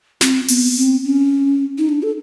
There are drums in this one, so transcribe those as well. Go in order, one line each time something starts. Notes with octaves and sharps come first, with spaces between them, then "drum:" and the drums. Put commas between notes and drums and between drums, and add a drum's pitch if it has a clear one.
C4, drum: snare
B3, drum: open hi-hat
C4
C#4
D#4
D4
A4